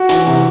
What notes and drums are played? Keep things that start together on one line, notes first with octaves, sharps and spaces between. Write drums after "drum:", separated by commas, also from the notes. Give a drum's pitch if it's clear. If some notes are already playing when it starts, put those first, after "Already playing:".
Already playing: F#4
E3, drum: hi-hat
C3